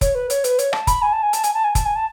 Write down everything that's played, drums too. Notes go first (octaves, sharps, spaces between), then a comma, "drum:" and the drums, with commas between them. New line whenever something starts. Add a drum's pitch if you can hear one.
C#5, drum: kick F1, hi-hat
B4
C#5, drum: hi-hat
B4, drum: hi-hat
C#5, drum: hi-hat
A5, drum: rim click
B5, drum: kick F1, hi-hat
G#5
A5
G#5
A5, drum: hi-hat
G#5, drum: hi-hat
A5
G#5
A5, drum: kick F1, hi-hat
G#5
A5